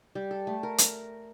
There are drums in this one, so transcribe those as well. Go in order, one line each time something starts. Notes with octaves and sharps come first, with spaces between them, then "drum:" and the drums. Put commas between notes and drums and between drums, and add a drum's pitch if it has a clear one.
G3
A4
A3
A#4
drum: hi-hat